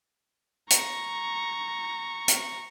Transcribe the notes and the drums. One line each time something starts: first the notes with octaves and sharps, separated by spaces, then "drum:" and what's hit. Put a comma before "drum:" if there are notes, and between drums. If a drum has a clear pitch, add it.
A#5 C#6, drum: hi-hat
drum: hi-hat